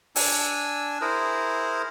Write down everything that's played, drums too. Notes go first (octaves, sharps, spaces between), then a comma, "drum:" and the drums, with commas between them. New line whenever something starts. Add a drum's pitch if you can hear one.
D4 G#5 E6, drum: open hi-hat
E4 G#4 A#4 C5